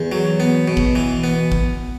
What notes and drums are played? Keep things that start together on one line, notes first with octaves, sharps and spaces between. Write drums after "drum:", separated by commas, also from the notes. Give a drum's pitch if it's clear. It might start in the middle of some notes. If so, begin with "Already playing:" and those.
Already playing: E2
F#3
B3
B2
drum: kick
E3
B3
drum: kick